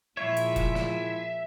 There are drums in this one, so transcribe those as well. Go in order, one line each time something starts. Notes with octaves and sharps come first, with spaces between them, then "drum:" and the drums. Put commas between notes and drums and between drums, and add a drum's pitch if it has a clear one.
A#2 F3 G#3 E4 F4 C#5 E5
drum: hi-hat
drum: kick F1, hi-hat
drum: snare